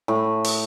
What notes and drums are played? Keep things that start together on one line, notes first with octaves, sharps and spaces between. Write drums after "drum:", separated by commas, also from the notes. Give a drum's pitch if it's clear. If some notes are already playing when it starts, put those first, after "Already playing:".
A2
drum: open hi-hat